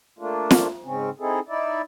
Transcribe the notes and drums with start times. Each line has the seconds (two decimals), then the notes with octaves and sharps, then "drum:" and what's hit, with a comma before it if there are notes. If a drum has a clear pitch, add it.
0.19 A3 A#3 D4 F4
0.51 drum: snare
0.84 G#2 C#3 C4 C#4
1.20 C4 D#4 E4 G#4 A4
1.48 D#4 E4 D5 E5